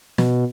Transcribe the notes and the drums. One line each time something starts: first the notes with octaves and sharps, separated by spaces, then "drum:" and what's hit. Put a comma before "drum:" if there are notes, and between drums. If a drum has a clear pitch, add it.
B2, drum: snare